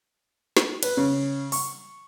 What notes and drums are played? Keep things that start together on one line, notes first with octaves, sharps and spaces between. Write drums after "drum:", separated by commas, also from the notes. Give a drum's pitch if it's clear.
drum: snare
B4, drum: cymbal
C#3
C#6, drum: open hi-hat